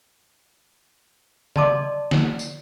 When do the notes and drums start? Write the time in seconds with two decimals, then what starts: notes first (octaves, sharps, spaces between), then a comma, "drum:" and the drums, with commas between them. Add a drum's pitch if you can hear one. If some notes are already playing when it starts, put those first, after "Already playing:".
1.56 D5 D#5 A5 C6 D6, drum: tom C#3
2.11 drum: snare
2.39 drum: tambourine